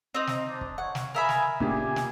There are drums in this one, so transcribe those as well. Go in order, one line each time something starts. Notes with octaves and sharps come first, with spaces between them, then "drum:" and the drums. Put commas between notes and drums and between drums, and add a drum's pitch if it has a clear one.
C4 D#4
drum: snare
D4
drum: kick
C#5 F#5
drum: snare
G#4 A#4 E5 F5 G#5 B5
drum: snare
A#2 C#3 G4 D5 G#5, drum: kick
drum: snare